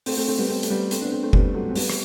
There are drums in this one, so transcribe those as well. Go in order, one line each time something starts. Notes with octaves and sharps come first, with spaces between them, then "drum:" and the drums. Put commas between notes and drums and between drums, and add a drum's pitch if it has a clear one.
A3 C4, drum: open hi-hat
A3 C4
A3 C4
G3 B3
A3 C4
A3, drum: hi-hat
G3 B3
A3 C4, drum: hi-hat
B3 D4
A3 C4
A3 C4
G3 B3, drum: kick F#1
F#3 A3
C4
G3 B3, drum: open hi-hat
drum: rim click